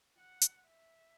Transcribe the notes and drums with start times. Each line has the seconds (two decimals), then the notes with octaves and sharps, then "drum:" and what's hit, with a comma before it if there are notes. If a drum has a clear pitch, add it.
0.18 F#5
0.41 drum: hi-hat
0.66 E5